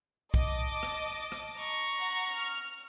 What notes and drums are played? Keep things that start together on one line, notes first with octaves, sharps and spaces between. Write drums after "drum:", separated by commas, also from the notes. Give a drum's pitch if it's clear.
D#5 A5 D6, drum: kick B1
drum: rim click
drum: rim click
A#5 C#6
F#5
F6